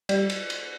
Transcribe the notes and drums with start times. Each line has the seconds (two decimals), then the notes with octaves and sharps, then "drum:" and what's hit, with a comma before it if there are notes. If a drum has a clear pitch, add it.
0.09 G3 D5, drum: cymbal
0.30 drum: cymbal
0.50 drum: cymbal